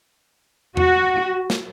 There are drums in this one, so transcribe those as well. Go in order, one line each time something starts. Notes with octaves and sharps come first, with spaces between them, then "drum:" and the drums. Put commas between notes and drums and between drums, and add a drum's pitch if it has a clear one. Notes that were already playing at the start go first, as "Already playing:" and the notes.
F#4, drum: tom E2
drum: snare